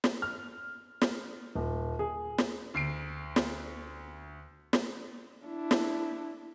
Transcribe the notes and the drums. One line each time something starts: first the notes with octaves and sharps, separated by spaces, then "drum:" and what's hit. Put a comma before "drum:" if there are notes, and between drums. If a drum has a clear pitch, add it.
drum: snare
F6
drum: snare
D#1
G#4
drum: snare
D2 C7 D7
drum: snare
drum: snare
D4 E4
drum: snare